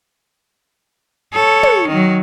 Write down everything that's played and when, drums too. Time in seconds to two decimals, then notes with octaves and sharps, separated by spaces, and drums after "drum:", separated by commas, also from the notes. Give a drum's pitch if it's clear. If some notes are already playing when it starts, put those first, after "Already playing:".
1.34 A4 C#5
1.63 drum: tom
1.88 D#3 F#3